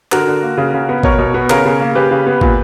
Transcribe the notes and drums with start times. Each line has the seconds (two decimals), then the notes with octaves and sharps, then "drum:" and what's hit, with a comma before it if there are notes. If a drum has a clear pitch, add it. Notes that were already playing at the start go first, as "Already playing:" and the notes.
0.12 D3 F#4 A#4, drum: clap
0.27 D3
0.43 A#3
0.58 C#3
0.74 C#3
0.89 B3
1.03 B2 A#4 C#5, drum: kick
1.19 B2
1.34 B3
1.50 C#3 A#4 C#5, drum: clap
1.65 C#3
1.80 A#3
1.95 C#3 G4 B4
2.11 C#3
2.26 B3
2.41 A#2, drum: kick